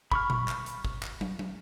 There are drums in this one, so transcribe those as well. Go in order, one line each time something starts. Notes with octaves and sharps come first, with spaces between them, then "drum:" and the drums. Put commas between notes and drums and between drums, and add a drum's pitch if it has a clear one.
B5 C#6 F6, drum: kick
drum: tom A#2
drum: clap
drum: hi-hat
drum: kick
drum: clap
drum: tom
drum: tom